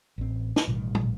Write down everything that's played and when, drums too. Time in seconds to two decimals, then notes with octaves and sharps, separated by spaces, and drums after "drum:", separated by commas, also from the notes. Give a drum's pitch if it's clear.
0.18 A1 C4
0.56 drum: snare
0.68 A1 B2 D#3 G3
0.95 drum: tom